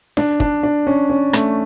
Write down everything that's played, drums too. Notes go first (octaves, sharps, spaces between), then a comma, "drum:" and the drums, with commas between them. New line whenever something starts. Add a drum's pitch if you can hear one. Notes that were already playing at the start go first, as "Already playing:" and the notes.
D4, drum: snare D4
D4, drum: kick
D4
C#4
C#4
A3, drum: rim click